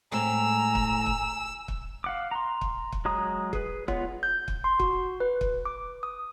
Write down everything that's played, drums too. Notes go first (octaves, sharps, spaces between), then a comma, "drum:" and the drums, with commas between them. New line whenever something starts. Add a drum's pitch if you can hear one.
A2 G#3 C4 G#5 A#5 E6
drum: kick
drum: kick
drum: kick
F5 F#5 D6
A#5 C6
drum: kick
drum: kick
F#3 G#3 A#5 D#6
G#4 B4, drum: kick
G#3 B3 F4 C#5 F#5, drum: kick
G6
drum: kick
C6
F#4, drum: kick
B4
drum: kick
D6
D#6